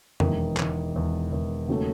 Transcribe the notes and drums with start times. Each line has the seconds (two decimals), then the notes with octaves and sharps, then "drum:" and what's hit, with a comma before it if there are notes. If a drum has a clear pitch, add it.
0.20 E1 E2 D#3, drum: tom F2
0.57 E1 E2 D#3, drum: clap
0.94 E1 E2 D#3
1.32 E1 E2 D#3
1.68 D#2 C#3 F#3 A3